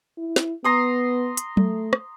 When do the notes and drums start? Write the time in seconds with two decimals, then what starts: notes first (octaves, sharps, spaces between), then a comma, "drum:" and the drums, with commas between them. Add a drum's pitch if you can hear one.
0.17 E4
0.36 drum: snare
0.64 B3 A#5 C6 D#6
1.37 drum: hi-hat
1.57 A3, drum: tom F#3
1.93 drum: rim click